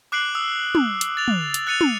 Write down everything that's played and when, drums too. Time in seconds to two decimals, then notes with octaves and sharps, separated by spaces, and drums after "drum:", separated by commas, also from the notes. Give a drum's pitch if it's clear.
0.12 D6 F#6 C7 D7 F#7
0.35 D#6 E6
0.75 drum: tom
1.01 drum: hi-hat
1.17 A6 F7
1.28 drum: tom
1.54 drum: hi-hat
1.67 F#6 A6 C#7 D#7 F7
1.81 drum: tom